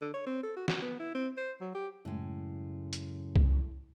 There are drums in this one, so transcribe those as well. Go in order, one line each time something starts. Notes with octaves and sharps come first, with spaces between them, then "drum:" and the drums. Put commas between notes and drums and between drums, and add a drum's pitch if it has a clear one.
D3
C#5
C4
A4
F#4
F#4, drum: snare
B3
E4
C4
C5
F#3
G4
F#2 A2 C#3 G#3
drum: hi-hat
drum: kick C2